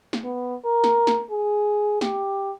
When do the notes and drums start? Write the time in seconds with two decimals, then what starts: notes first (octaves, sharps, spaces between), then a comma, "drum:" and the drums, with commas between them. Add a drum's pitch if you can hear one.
0.13 drum: snare
0.24 B3
0.65 A#4
0.84 drum: snare
1.07 drum: snare
1.31 G#4
2.01 G4, drum: snare